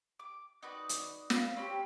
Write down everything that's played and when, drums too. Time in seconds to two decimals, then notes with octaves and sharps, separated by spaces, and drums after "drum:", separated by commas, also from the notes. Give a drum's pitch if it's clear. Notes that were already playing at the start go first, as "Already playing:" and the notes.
0.19 D6
0.63 D#4 F#4 B4 D5
0.89 drum: hi-hat
1.30 E5 F5 B5, drum: snare
1.56 C4 C#4 G4 B5